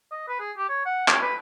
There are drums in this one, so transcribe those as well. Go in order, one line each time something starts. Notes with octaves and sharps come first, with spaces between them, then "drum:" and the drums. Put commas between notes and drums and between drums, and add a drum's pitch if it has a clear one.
D#5
B4
G#4
G4
C#5
F#5
C#5, drum: clap
B4